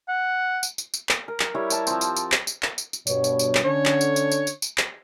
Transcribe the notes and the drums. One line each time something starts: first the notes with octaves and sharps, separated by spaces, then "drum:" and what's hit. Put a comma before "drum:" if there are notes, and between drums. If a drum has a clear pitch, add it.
F#5
drum: tambourine
drum: tambourine
drum: tambourine
drum: clap
A#4
drum: clap
G3 E4 C#5
C#5 A5 A#5, drum: tambourine
F3 C4, drum: tambourine
drum: tambourine
drum: tambourine
drum: clap
drum: tambourine
drum: clap
drum: tambourine
drum: tambourine
G2 B2 C#5, drum: tambourine
drum: tambourine
drum: tambourine
drum: clap
D3 C#4 D4 C#5
drum: clap
drum: tambourine
drum: tambourine
drum: tambourine
drum: tambourine
drum: tambourine
drum: clap